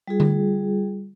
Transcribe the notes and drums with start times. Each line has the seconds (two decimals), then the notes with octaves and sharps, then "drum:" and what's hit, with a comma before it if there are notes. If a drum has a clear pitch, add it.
0.07 G3 F4 G#4
0.20 drum: tom D3